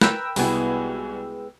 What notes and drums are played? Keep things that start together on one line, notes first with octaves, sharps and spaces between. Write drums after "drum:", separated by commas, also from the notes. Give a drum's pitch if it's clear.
A#4 B4 G5 E6, drum: snare
C2 G#3 B3 E4 F#4 G#5, drum: open hi-hat